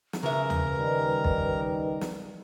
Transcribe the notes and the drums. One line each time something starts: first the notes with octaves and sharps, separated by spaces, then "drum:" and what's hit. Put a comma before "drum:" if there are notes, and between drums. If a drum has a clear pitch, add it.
drum: snare
C#3 A#4 B4 E5 A#5
drum: tom D#2
D#3 G3 D#4
drum: kick
drum: snare